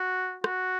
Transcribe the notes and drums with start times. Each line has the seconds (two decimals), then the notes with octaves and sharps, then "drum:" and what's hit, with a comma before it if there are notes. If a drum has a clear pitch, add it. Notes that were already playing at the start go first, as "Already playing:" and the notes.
Already playing: F#4
0.44 F#4, drum: rim click